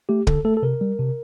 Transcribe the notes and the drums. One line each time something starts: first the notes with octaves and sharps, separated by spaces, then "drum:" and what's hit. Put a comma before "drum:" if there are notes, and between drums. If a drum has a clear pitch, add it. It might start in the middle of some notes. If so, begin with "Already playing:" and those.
A3 G4
D3 A4, drum: kick
A3 A4
A4
C3 A#4
G3
C3